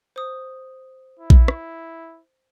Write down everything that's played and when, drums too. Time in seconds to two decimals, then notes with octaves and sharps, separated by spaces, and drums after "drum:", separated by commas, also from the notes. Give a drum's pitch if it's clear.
0.16 C5 D#6
1.20 E4
1.30 drum: kick A#1
1.48 drum: rim click